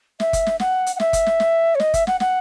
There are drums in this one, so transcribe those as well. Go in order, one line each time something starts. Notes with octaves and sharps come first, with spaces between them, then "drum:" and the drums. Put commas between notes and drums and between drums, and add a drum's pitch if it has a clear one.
E5, drum: snare
drum: kick, hi-hat
drum: snare
F#5, drum: snare
drum: hi-hat
F#5
E5, drum: snare
drum: kick, hi-hat
drum: snare
drum: snare
C#5
D#5, drum: snare
E5, drum: kick, hi-hat
F#5, drum: snare
F#5, drum: snare